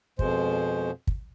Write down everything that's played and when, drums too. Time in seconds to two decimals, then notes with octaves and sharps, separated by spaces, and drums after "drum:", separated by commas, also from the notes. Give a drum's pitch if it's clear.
0.19 F2 B2 G#3 C5, drum: kick
1.07 drum: kick